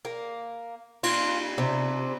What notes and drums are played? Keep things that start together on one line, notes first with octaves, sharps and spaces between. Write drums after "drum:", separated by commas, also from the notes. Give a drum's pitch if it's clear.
A#3
F4, drum: cymbal
C3